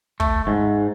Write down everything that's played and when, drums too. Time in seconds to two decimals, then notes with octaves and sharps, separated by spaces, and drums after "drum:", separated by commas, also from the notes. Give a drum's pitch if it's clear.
0.20 A3, drum: kick
0.47 G#2